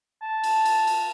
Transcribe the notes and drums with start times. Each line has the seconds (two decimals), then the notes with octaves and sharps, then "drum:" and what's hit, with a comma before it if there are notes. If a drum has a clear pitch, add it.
0.22 A5
0.44 drum: cymbal
0.65 drum: cymbal
0.87 drum: cymbal